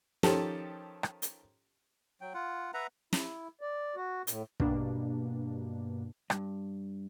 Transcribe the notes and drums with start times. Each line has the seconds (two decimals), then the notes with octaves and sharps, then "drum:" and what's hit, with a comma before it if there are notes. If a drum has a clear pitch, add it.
0.23 D#3 F3 C#4 G4 A4 A5, drum: snare
1.03 drum: rim click
1.22 drum: hi-hat
2.21 F#3 G5
2.34 F4 F#5
2.74 B4 E5 F#5 A#5
3.13 E4, drum: snare
3.61 D5
3.96 F#4
4.27 A2, drum: hi-hat
4.60 G2 B2 A#3 D4, drum: kick
6.30 G2, drum: rim click